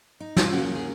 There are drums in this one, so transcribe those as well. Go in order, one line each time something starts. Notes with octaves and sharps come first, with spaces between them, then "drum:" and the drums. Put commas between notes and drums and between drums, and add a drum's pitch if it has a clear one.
D#4
F4, drum: snare
C#3 F#3 A#3 C#4 F#4
F4
G#4